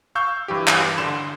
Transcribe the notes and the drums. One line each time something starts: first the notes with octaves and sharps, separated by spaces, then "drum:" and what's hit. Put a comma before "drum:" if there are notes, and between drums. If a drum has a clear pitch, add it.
F5 C#6 E6 G6
G2 E3 G4
drum: clap
D3 C6 E7